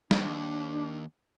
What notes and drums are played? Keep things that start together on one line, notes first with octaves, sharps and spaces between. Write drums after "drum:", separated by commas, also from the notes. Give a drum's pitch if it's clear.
D#2 D4, drum: snare